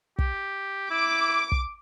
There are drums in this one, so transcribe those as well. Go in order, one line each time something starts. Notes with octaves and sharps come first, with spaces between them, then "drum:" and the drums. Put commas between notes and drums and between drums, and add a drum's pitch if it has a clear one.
G4, drum: kick
E4 D6
drum: kick